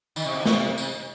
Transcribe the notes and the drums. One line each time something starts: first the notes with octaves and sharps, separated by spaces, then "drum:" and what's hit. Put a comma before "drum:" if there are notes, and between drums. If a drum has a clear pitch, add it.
D#3, drum: tambourine
C3
B2
C3, drum: snare
drum: tambourine